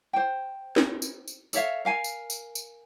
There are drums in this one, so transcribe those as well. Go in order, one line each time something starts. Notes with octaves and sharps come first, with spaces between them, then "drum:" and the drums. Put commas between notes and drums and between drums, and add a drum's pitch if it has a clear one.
C5 G5
drum: snare
drum: tambourine
drum: tambourine
A4 C#5 E5 F5, drum: tambourine
A#4 F5 G#5
drum: tambourine
drum: tambourine
drum: tambourine